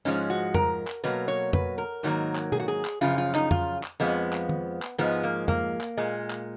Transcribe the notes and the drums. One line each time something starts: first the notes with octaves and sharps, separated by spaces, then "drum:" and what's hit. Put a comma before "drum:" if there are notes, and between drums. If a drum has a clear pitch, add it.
G#2 F3 G#3 C#4
F#4
A#4, drum: tom F2
drum: clap
B2 F#3 A#3 B4
C#5
B4, drum: tom F2
A#4
G#2 D#3 F#3 A#3
drum: clap
G#4, drum: tom B2
F#4
G#4
drum: clap
F#2 C#3 F3 F4
F4
D#4, drum: clap
F4, drum: tom F2
drum: clap
F2 F3 G#3 B3
drum: clap
drum: tom
drum: clap
G#2 F3 G#3 B3
A#3
A#3, drum: tom F2
drum: clap
A#2 G#3
drum: clap